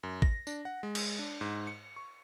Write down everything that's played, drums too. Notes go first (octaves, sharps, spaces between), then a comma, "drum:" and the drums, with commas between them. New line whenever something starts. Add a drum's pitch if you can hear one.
F#2
A#6, drum: kick A1
D4, drum: tambourine
F#5
G#3
drum: cymbal
D4
G#2
C#7
C#6